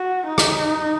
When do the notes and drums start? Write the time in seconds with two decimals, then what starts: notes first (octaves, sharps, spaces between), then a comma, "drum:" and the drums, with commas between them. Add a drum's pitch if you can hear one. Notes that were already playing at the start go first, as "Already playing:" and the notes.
Already playing: F#4
0.27 D#4
0.38 drum: rim click